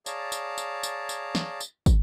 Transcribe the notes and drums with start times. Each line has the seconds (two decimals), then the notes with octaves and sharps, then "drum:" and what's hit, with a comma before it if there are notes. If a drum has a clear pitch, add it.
0.06 G#4 C#5 D5 F5 A5 A#5, drum: tambourine
0.32 drum: tambourine
0.58 drum: tambourine
0.83 drum: tambourine
1.09 drum: tambourine
1.35 drum: snare
1.60 drum: tambourine
1.86 drum: kick, tambourine